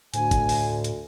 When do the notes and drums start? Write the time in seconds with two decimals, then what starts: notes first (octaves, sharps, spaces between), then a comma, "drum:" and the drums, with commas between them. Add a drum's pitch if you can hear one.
0.14 D2 A2 G#5, drum: hi-hat
0.31 drum: kick, hi-hat
0.49 drum: open hi-hat
0.84 drum: hi-hat